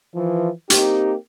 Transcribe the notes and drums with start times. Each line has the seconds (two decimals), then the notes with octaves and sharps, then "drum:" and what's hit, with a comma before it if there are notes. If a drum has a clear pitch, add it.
0.15 E3 F3
0.70 A#3 C4 D#4 G4, drum: hi-hat